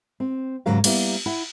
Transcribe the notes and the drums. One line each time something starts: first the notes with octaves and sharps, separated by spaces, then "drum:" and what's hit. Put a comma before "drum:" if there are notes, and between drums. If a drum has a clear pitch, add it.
C4
D#2 G#2 C#3 F#3 A#4 F5
G3 A#3 B3 E4, drum: cymbal
E4 F#5